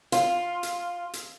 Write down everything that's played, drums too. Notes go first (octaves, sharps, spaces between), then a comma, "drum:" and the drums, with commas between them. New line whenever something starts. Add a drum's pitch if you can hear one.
F4, drum: hi-hat
drum: hi-hat
drum: hi-hat